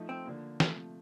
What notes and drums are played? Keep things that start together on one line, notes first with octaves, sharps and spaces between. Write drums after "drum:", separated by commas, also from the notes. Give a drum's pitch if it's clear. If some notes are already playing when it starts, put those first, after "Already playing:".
Already playing: F3 A3 D#4
C4
D3 F3 A#3
C3 F3 A3, drum: snare